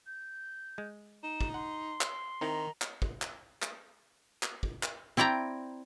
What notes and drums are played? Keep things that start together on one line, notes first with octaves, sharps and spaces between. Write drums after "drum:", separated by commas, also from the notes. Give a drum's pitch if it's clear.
G6
G#3
D#4 E7
drum: kick
F#5 C6
drum: clap
D#3 C4 D#4 E4 A#5
drum: clap
drum: kick
drum: clap
drum: clap
drum: clap
drum: kick
drum: clap
C4 E4 D5 G5 A#5